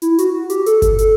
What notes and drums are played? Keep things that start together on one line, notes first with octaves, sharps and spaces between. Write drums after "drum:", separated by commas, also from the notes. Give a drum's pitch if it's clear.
E4, drum: hi-hat
F#4, drum: hi-hat
F#4
G4, drum: hi-hat
A4, drum: hi-hat
drum: kick G1, hi-hat
A4, drum: hi-hat